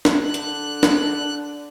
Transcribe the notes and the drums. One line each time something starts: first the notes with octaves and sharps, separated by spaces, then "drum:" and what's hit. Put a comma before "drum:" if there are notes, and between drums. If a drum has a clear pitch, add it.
drum: snare
D3 F#6
drum: hi-hat
drum: snare